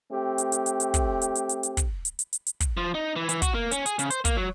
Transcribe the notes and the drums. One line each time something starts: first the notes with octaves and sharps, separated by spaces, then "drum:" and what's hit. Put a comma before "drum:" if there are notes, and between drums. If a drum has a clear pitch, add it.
A3 C4 G4
drum: hi-hat
drum: hi-hat
drum: hi-hat
drum: hi-hat
drum: kick, hi-hat
drum: hi-hat
drum: hi-hat
drum: hi-hat
drum: hi-hat
drum: kick, hi-hat
drum: hi-hat
drum: hi-hat
drum: hi-hat
drum: hi-hat
drum: kick, hi-hat
F3
D#4
E3
E3, drum: hi-hat
F#4, drum: kick, hi-hat
A#3
C#4, drum: hi-hat
G#4, drum: hi-hat
C#3, drum: hi-hat
C5, drum: hi-hat
A#3, drum: kick, hi-hat
F#3